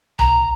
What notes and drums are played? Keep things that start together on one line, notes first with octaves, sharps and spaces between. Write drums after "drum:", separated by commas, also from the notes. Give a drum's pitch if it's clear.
A#5, drum: tom C2